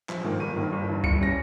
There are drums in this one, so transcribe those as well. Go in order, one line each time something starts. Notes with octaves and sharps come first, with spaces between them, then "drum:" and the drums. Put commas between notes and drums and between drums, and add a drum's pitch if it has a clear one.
A#1, drum: clap
G#2 D#3 A#3
G1 D#7
G2 D#3 A#3
G1
G2 E3
G1 C#7, drum: kick
G3 C#4 A#6